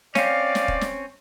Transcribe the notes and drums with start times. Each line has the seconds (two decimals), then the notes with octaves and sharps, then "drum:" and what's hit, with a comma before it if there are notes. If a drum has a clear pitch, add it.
0.15 C4 C#4 C#5 D5 F5, drum: snare
0.55 drum: snare
0.68 drum: kick
0.81 drum: snare